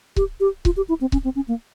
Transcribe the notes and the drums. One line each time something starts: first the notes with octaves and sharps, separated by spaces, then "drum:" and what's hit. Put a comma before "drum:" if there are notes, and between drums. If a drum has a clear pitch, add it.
G4, drum: kick C#1
G4
F4, drum: kick C#1
G4
E4
C4
C#4, drum: kick C#1
C4
C#4
A#3